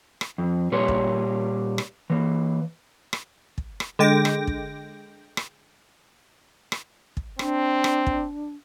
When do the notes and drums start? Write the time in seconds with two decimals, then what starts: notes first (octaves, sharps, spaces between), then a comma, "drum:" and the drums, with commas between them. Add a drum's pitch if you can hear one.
0.21 drum: rim click
0.38 F2
0.72 A#2 G3 B4 C#5 C6
0.88 drum: kick
1.78 drum: rim click
2.10 E3 A#3
3.13 drum: rim click
3.58 drum: kick
3.80 drum: rim click
3.99 D3 G#3 G5 D6 A#6
4.25 drum: rim click
4.47 drum: kick
5.37 drum: rim click
6.72 drum: rim click
7.17 drum: kick
7.39 C4 D4, drum: rim click
7.84 drum: rim click
8.07 drum: kick